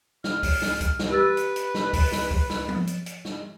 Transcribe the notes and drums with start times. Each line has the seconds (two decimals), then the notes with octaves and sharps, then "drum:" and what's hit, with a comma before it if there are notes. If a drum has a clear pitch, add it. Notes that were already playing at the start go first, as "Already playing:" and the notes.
0.24 F6, drum: snare
0.43 drum: kick C#2, open hi-hat
0.62 drum: snare
0.81 drum: kick C#2, hi-hat
0.99 drum: snare
1.10 G4 B4 E6 A6
1.37 drum: hi-hat
1.56 drum: hi-hat
1.75 drum: snare
1.93 drum: kick C#2, open hi-hat
2.12 drum: snare
2.31 drum: kick C#2
2.50 drum: snare
2.69 drum: tom F3
2.87 drum: hi-hat
3.06 drum: hi-hat
3.25 drum: snare